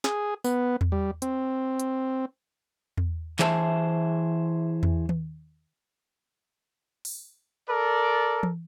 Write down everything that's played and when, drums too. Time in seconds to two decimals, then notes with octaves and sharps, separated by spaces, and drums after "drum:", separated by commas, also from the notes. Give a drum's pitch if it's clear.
0.04 G#4, drum: snare
0.44 B3, drum: tambourine
0.81 drum: tom E2
0.92 G3
1.22 C4, drum: hi-hat
1.80 drum: hi-hat
2.97 drum: tom E2
3.39 E3 G#4 C5 E5 A5, drum: clap
4.83 drum: tom E2
5.09 drum: tom D#3
7.05 drum: open hi-hat
7.69 A4 A#4 D5
8.43 drum: tom E3